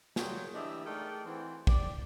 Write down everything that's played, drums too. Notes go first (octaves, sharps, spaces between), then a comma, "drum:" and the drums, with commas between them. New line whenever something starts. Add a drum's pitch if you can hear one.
F#3 G3 A#3 G#4 G5 C6, drum: snare
E3 D4 G4 D#5 E5
A3 D#4 G#4 A#4 D5 G5
E3 C4 F#4
G4 D5, drum: kick